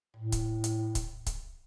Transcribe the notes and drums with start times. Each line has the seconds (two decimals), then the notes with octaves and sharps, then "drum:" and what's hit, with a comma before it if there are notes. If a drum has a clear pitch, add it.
0.17 A2
0.32 drum: kick C#1, hi-hat
0.64 drum: hi-hat
0.95 drum: kick C#1, hi-hat
1.26 drum: kick C#1, hi-hat